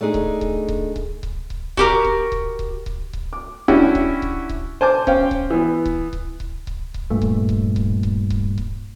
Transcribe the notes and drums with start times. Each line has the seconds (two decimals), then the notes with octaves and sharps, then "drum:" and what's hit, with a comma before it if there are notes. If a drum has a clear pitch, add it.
0.01 A3 D4 D#4 G#4
0.14 drum: kick C#1
0.41 drum: kick C#1
0.68 drum: kick C#1
0.96 drum: kick C#1
1.23 drum: kick C#1
1.50 drum: kick C#1
1.77 F#4 G4 A#4, drum: kick C#1
2.05 drum: kick C#1
2.32 drum: kick C#1
2.59 drum: kick C#1
2.86 drum: kick C#1
3.13 drum: kick C#1
3.33 D6
3.68 C#4 D4 E4 F#4 G4, drum: kick C#1
3.95 drum: kick C#1
4.22 drum: kick C#1
4.49 drum: kick C#1
4.81 C5 G#5 A5 D6
5.07 C#4 C5 F5 G5, drum: kick C#1
5.31 drum: kick C#1
5.50 E3 B3
5.85 drum: kick C#1
6.13 drum: kick C#1
6.40 drum: kick C#1
6.67 drum: kick C#1
6.94 drum: kick C#1
7.10 G2 A#2 A3
7.22 drum: kick C#1
7.49 drum: kick C#1
7.76 drum: kick C#1
8.03 drum: kick C#1
8.30 drum: kick C#1
8.58 drum: kick C#1